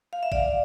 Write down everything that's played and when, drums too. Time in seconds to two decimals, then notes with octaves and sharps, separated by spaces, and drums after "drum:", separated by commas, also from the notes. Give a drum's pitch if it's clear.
0.13 F5
0.23 E5
0.32 D5 F5, drum: kick A1